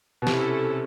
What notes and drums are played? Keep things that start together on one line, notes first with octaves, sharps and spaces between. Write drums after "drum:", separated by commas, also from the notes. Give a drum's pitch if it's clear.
B2
C3 C#4 E4 A4, drum: snare